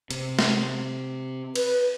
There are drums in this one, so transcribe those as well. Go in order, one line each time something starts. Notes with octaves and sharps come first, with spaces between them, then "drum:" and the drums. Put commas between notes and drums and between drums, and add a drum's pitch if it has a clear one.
C3, drum: hi-hat
drum: snare
B4, drum: cymbal